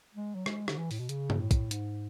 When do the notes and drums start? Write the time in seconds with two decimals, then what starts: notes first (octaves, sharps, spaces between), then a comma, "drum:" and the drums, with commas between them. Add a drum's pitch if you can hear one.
0.15 G#3
0.35 F#3
0.46 G#3, drum: rim click
0.68 D3, drum: rim click
0.77 E3
0.91 A2, drum: open hi-hat
1.00 B2
1.09 C#3, drum: hi-hat
1.30 drum: tom G2
1.40 A2
1.51 drum: kick, hi-hat
1.71 G#2, drum: hi-hat